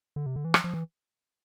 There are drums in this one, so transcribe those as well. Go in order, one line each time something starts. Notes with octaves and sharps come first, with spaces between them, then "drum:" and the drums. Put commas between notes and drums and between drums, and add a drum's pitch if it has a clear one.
D3
C3
D3
E3
F3, drum: rim click
F3
E3